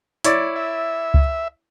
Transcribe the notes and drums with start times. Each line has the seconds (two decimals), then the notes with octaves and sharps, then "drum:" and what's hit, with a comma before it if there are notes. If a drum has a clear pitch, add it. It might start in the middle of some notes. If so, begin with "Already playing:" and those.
0.24 E4 C#5 D5, drum: hi-hat
0.56 E5
1.14 drum: kick C#2